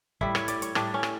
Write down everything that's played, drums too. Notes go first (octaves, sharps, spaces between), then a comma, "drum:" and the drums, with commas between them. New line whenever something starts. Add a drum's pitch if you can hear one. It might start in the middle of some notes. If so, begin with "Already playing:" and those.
A2 G3 E4, drum: kick
C#5, drum: rim click
D5, drum: hi-hat
C#5, drum: hi-hat
A2 G3 D4, drum: rim click
C#4
drum: rim click